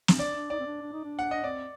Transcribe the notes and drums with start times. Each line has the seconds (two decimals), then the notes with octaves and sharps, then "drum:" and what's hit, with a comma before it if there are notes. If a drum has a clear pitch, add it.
0.08 drum: snare
0.18 D4 D5
0.35 D4
0.50 D#4 D5
0.59 C4
0.66 D4
0.81 D4
0.92 D#4
1.04 D4
1.19 F#5
1.31 D4 D#5
1.44 C4 D5